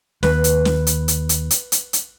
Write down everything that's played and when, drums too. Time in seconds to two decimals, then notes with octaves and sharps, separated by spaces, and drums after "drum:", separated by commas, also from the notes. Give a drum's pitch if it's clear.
0.23 D#2 B4, drum: snare
0.44 drum: hi-hat
0.65 drum: snare
0.87 drum: hi-hat
1.08 drum: hi-hat
1.29 drum: hi-hat
1.51 drum: hi-hat
1.72 drum: hi-hat
1.93 drum: hi-hat